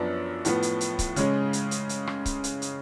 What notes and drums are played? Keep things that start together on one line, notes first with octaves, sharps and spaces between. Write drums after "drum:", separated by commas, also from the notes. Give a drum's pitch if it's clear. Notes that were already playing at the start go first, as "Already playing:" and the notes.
Already playing: F#2 F3 B3 D4
A2 F3 B3, drum: hi-hat
drum: hi-hat
drum: hi-hat
drum: kick C#1, hi-hat
C#3 G#3 C#4, drum: hi-hat
drum: hi-hat
drum: hi-hat
drum: hi-hat
drum: rim click
drum: kick C#1, hi-hat
drum: hi-hat
drum: hi-hat